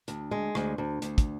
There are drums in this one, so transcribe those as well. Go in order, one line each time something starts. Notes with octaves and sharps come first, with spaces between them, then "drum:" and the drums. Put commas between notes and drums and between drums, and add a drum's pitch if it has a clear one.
D2, drum: hi-hat
G#3
D2, drum: rim click
D2
D2, drum: hi-hat
drum: kick, hi-hat